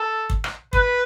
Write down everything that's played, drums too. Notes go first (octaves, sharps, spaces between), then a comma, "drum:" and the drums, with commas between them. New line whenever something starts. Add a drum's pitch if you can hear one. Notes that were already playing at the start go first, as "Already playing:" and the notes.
Already playing: A4
drum: kick
drum: rim click
B4, drum: kick